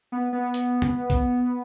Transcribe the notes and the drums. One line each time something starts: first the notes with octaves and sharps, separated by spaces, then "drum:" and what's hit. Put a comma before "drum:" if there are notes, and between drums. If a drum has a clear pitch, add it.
B3
B3
drum: hi-hat
drum: tom
drum: kick, hi-hat